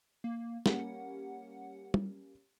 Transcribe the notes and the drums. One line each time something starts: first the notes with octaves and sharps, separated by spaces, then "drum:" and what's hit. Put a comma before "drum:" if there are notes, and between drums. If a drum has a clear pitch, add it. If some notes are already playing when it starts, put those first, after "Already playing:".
A#3
G3 A#3 C#4 F#5, drum: snare
drum: tom